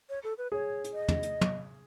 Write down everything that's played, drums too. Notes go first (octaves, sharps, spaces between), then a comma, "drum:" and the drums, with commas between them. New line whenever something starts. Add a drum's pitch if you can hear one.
C#5
A4
B4
G#4 C#5
drum: hi-hat
D#5
drum: tom
drum: hi-hat
drum: tom